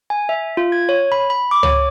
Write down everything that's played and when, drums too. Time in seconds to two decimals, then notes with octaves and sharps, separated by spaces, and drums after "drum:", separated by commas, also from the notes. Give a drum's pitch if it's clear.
0.10 G#5
0.29 E5
0.57 F4
0.72 G#6
0.89 C#5
1.12 B5
1.30 B5
1.51 D6
1.63 C#5, drum: tom C#2